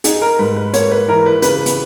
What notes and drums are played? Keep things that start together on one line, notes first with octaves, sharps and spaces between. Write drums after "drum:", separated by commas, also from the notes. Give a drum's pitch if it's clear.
D#4 G#4, drum: hi-hat
A#4
G#2 B4
B4
A#3 C#5, drum: hi-hat
B4
E3 A#4
B4
C#3 B4, drum: hi-hat
drum: hi-hat